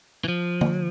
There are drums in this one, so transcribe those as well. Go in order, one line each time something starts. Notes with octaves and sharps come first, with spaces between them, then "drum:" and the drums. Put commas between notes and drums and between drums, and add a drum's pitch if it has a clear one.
E3
F3
drum: tom D3